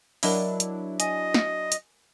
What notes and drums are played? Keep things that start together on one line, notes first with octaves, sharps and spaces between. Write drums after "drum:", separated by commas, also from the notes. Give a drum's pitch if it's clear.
F#3 D4 E4 A#4 D#5, drum: open hi-hat
drum: hi-hat
D#5 G#5, drum: hi-hat
drum: snare
drum: hi-hat